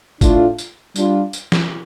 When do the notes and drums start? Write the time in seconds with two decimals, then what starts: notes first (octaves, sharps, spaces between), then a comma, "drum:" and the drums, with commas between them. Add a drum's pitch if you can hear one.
0.21 A2 A3 D4 F4, drum: kick, tambourine
0.58 drum: tambourine
0.96 G3 D4 F4, drum: tambourine
1.33 drum: tambourine
1.52 drum: snare